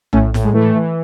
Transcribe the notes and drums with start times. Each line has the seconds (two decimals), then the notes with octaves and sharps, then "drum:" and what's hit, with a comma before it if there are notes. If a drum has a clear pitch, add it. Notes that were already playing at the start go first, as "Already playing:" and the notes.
0.13 A2 A3 C#4, drum: tom A#1
0.34 A2, drum: snare
0.44 G#3
0.53 E3 A3
0.75 E3